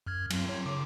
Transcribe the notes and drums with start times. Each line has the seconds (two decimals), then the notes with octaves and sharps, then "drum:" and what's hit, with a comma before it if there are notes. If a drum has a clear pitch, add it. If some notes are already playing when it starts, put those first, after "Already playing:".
0.07 F#2 F6 G#6
0.30 F#3 C4, drum: cymbal
0.49 C#5
0.65 C#3 D6